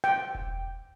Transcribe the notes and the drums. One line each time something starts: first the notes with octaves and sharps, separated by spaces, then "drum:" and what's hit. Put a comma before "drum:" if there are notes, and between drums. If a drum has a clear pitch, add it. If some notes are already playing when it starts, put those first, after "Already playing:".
G5
drum: kick E1